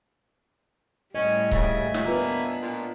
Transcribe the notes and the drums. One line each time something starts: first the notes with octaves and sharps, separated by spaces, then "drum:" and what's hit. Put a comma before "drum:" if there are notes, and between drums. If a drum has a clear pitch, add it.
A2 G3 C#4 D#5
D#2 C#3 E5 G#5, drum: kick C#1
drum: snare
A#3 B3 D4 F4 B4
A#2